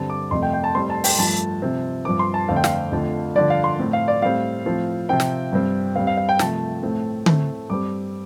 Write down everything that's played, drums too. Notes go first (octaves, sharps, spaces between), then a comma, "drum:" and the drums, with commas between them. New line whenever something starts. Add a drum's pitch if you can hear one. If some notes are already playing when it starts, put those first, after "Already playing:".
Already playing: G2 D3 G3 C4 A5
D6
F2 C3 A3 C6
G5
G5
A5
A2 G3 C4 C6
A5
G5, drum: open hi-hat
G2 F3 A3 A5
C3 F3 C4
G2 F3 C4 D6
C6
A5
F2 D3 A3 C4 F5
G5
F5, drum: snare
F2 D3 F3 A3
G2 D3 F3 D5
F5
C6
A2 A3 C4
F5
D5
A2 G3 C4 F5
A2 F3 C4
C3 F3 C4 G5
drum: snare
G2 G3 C4
G2 G3 C4 F5
F5
F5
G5
C3 F3 A3 A5, drum: snare
A2 A3 C4
A2 A3 C4, drum: tom D3
G2 G3 C4 D6